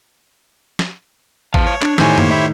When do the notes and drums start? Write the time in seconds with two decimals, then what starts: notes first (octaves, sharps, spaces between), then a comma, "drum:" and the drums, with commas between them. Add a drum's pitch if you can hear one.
0.79 drum: snare
1.54 E2 F5 A5, drum: kick
1.67 C#5
1.82 D4, drum: clap
1.98 E2 A2 D#3 G4 C5 C#5 G#5, drum: snare
2.18 A#3, drum: tom F#2
2.31 E4